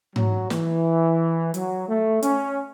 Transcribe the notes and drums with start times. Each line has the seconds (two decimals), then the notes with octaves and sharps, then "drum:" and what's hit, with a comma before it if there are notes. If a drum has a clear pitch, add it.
0.16 F#3, drum: tom G#2
0.50 E3, drum: snare
1.54 F#3, drum: hi-hat
1.89 A3
2.22 C#4, drum: hi-hat